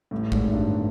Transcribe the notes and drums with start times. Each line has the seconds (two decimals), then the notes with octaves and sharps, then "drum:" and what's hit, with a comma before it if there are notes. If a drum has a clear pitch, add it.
0.11 A1 A2
0.32 G#1 G#2, drum: kick A1
0.52 G1 G2